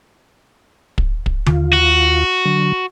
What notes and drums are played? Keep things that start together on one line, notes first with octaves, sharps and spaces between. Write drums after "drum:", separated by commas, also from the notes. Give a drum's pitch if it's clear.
drum: kick
drum: kick
D#2 F4, drum: tom D3
F#4
D3 F#3